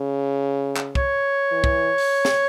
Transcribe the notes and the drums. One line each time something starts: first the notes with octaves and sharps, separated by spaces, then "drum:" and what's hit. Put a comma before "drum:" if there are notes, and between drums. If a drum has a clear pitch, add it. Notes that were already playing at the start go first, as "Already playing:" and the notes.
Already playing: C#3
drum: clap
C#5, drum: kick
E3
drum: kick
drum: open hi-hat
drum: snare